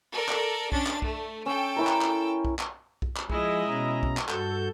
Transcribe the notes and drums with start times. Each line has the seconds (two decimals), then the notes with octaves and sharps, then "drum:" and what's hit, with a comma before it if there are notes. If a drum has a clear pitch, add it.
0.14 A4 A#4 D5
0.29 drum: clap
0.72 C#4 D4 A6, drum: kick B1
0.86 drum: clap
1.02 A3, drum: kick B1
1.46 C#4 A4 G5 E6
1.76 C#4 E4 A#4
1.87 drum: clap
2.01 drum: clap
2.45 drum: kick B1
2.59 drum: clap
3.02 drum: kick B1
3.17 drum: clap
3.30 F3 G#3 E4 G#4 D#5, drum: kick B1
3.67 B2 C#4 A#5
4.03 drum: kick B1
4.17 drum: clap
4.29 G2 F#4 A4 G6, drum: clap